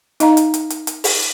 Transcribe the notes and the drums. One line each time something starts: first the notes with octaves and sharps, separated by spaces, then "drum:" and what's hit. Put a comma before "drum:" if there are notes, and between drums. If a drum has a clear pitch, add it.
D#4 D#5 F5 A#5, drum: hi-hat
drum: hi-hat
drum: hi-hat
drum: hi-hat
drum: hi-hat
drum: open hi-hat